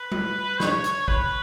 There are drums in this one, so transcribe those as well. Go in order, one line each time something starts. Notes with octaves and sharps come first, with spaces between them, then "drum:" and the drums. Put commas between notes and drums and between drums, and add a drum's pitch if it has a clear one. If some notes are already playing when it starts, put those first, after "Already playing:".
Already playing: B4
drum: tom G3
C#5, drum: snare
drum: hi-hat
B4, drum: kick